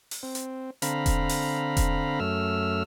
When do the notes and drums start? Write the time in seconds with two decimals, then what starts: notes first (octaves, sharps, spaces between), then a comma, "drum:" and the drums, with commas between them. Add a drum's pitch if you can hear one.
0.11 drum: open hi-hat
0.23 C4
0.35 drum: hi-hat
0.82 D3 C4 F5 A#5 B5, drum: hi-hat
1.06 drum: kick E1, hi-hat
1.29 drum: open hi-hat
1.77 drum: kick E1, hi-hat
2.20 F#2 A3 E6 F6